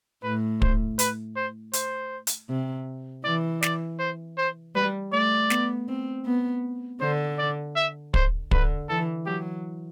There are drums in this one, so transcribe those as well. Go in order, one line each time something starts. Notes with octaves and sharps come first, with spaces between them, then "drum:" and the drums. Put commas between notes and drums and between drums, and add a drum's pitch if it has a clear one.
A2 B4
C5, drum: kick
B4, drum: hi-hat
C5
C5, drum: hi-hat
drum: hi-hat
C3
E3 D5
D5, drum: snare
C5
C5
G3 B4
A3 D5
B3, drum: snare
C4
B3
D3 C5
D5
E5
C5, drum: kick
D3 B4, drum: kick
E3 A4
F#3 G4